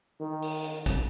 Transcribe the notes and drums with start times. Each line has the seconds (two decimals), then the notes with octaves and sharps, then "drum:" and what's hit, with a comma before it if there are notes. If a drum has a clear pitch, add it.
0.20 D#3
0.42 drum: open hi-hat
0.64 drum: hi-hat
0.86 drum: kick, hi-hat